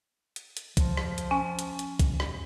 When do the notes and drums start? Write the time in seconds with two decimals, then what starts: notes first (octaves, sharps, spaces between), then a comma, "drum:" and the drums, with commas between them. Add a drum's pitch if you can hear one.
0.36 drum: hi-hat
0.57 drum: hi-hat
0.77 F3, drum: kick B1, hi-hat
0.97 drum: rim click
1.18 drum: hi-hat
1.31 C#4 G#5
1.59 drum: hi-hat
1.79 drum: hi-hat
1.99 drum: kick B1, hi-hat
2.20 drum: rim click